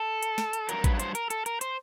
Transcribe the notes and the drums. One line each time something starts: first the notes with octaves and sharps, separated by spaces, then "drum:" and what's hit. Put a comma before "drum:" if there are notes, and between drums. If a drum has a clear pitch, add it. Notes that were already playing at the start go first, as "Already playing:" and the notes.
Already playing: A4
drum: hi-hat
drum: snare
drum: hi-hat
G2 D#3 F#3 A#4, drum: hi-hat
B4, drum: kick A1, hi-hat
B4
C5, drum: hi-hat
A#4, drum: hi-hat
A4, drum: hi-hat
A#4, drum: hi-hat
C5, drum: hi-hat